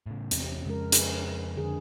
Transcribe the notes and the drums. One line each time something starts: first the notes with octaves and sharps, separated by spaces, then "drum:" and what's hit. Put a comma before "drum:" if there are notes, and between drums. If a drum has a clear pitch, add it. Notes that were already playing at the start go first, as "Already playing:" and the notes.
A2 C#3
E2 C3, drum: hi-hat
F2 C#3 G#3 A#4
G#4 B4, drum: hi-hat
D3 G#4